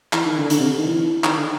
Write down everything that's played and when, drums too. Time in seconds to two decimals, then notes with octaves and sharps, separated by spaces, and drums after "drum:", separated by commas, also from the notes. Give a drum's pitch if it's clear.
0.13 E3, drum: clap
0.26 D#3
0.38 D3
0.50 D3, drum: hi-hat
0.59 C3
0.78 D#3
0.87 E3
1.24 D#3, drum: clap
1.37 D3